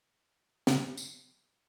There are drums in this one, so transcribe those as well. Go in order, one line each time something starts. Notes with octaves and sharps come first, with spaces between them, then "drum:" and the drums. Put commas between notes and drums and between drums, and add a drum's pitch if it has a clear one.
C#3, drum: snare
drum: tambourine